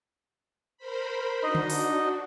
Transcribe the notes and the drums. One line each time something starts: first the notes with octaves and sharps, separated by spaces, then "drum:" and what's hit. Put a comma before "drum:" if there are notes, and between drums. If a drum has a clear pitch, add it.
A#4 C5 B5
D4 D#4 F#4 D#5
drum: tom D3
drum: open hi-hat